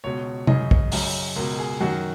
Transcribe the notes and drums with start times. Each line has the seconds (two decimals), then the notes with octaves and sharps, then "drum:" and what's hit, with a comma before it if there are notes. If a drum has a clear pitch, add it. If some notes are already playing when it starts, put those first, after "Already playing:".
0.04 C#2 B2 C#5
0.47 F#2 C#3 D#5, drum: tom
0.71 drum: kick B1
0.92 F#2 C#3, drum: open hi-hat
1.36 C#2 B2 A#4
1.58 G#4
1.81 F#2 D#3 F#4